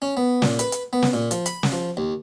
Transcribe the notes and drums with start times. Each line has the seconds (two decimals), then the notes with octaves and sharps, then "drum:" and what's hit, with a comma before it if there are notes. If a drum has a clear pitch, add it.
0.02 C#4
0.17 B3
0.42 A#2, drum: snare
0.59 B4, drum: hi-hat
0.72 drum: hi-hat
0.93 B3
1.02 drum: snare
1.13 A#2
1.31 F3, drum: hi-hat
1.46 B5, drum: hi-hat
1.63 drum: snare
1.72 F3
1.97 D#2